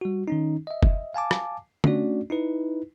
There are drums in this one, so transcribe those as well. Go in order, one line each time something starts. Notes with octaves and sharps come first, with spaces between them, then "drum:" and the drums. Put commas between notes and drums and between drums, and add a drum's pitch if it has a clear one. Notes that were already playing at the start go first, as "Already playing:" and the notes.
G3 F#4
D#3 C#4 D#4
D#5 E5
drum: kick F#1
F5 G#5 A5 D6
drum: rim click
A3 C#4 D4 F#4 D5, drum: tom D3
D#4 E4 B4